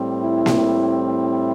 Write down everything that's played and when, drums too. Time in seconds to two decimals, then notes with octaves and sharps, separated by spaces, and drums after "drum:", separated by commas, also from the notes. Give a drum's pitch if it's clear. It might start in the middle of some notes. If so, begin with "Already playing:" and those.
Already playing: A2 G3 C4
0.21 E4
0.46 drum: snare A#3
1.07 E4